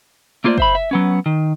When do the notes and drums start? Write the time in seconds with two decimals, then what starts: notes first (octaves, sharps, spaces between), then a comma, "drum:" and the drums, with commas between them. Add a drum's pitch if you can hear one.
0.44 A3 A#3 F4 G#4 C5 D5
0.58 C5 E5 B5, drum: kick
0.75 E5
0.91 F#3 B3 C#4
1.26 D#3